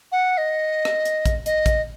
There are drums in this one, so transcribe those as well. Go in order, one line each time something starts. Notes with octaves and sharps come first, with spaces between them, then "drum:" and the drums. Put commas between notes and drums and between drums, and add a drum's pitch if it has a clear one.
F#5
D#5
drum: rim click
drum: hi-hat
drum: kick, hi-hat
D#5, drum: hi-hat
drum: kick, hi-hat